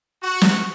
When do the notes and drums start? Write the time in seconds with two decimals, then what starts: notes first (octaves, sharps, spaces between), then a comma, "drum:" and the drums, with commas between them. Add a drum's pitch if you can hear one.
0.23 F#4
0.41 drum: snare